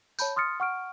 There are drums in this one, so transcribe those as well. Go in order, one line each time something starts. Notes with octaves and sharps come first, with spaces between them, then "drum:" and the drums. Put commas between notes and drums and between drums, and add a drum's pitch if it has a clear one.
C#5 A5 B5 G6, drum: tambourine
C6 D#6 F6 A6 C#7
F#5 C#6 F6 D7